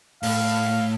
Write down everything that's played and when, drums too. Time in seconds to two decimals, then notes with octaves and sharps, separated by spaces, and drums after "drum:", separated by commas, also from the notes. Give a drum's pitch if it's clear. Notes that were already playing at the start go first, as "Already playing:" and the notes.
0.23 A2 F5, drum: open hi-hat